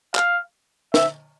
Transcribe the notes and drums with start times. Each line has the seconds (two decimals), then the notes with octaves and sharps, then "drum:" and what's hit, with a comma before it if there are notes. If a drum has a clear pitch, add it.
0.15 F5, drum: clap
0.94 E5, drum: snare